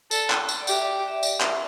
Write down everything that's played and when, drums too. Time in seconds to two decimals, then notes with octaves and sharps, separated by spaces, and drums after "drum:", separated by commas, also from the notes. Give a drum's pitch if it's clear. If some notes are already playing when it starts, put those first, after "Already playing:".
0.11 A4 D5, drum: tambourine
0.30 drum: clap
0.49 drum: tambourine
0.61 D5
0.67 G4 E5, drum: tambourine
0.81 D5
0.94 D5
1.08 E5
1.23 D5, drum: tambourine
1.41 E5, drum: clap